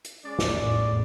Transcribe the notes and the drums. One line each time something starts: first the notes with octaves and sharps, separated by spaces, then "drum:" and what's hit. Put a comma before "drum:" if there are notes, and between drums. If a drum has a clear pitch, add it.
drum: hi-hat
G#3 C#4 D5
drum: snare
A1 E2 A2